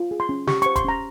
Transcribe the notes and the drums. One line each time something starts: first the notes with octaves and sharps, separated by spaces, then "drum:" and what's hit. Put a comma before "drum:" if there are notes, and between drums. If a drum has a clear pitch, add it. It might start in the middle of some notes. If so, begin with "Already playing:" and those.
Already playing: F4
G#4
C6
C#4
G4 C#6, drum: snare
C#6, drum: hi-hat
C5
C6, drum: kick D#1, hi-hat
C#4 A#5